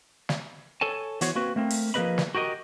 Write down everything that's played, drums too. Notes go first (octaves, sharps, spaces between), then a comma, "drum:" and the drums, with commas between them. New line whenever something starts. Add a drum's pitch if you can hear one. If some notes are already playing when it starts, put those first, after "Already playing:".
drum: snare
A4 C#5 G#5 A5
E3 B3 F#4 C5 C#5, drum: hi-hat
A#3 C4 F#4 B4
A3 A#3 C4
drum: open hi-hat
F3 A#3 G#4 B4 D#5 B5
drum: snare
F#4 G4 A#4 D#5